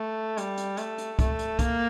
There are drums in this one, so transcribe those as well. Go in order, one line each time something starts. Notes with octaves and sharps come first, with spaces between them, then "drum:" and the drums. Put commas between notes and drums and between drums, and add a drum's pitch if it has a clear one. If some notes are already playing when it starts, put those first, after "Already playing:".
Already playing: A3
G3, drum: hi-hat
drum: hi-hat
A3, drum: hi-hat
drum: hi-hat
A3, drum: kick, hi-hat
drum: hi-hat
A#3, drum: kick, hi-hat